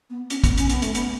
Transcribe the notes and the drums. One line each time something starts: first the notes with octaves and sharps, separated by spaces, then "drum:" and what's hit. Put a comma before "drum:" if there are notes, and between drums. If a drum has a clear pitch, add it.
B3
C#4, drum: hi-hat
B3, drum: kick, hi-hat
C#4, drum: hi-hat
B3, drum: hi-hat
A3, drum: hi-hat
B3, drum: hi-hat